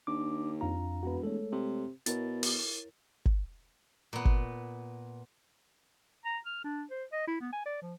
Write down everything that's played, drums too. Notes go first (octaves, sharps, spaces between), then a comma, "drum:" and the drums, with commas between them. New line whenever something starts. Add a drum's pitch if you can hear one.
D#2 D4 D6
F2 D4 F4 F5 A#5
E1 F#4 B4
G#3 A3 A4 C#5
C3
B2 E4 A#4 C#5 A6, drum: hi-hat
drum: open hi-hat
drum: kick G1
A#2 B3
drum: kick G1
A#5
F6
D4
C5
D#5
E4
B3
G#5
D5
F3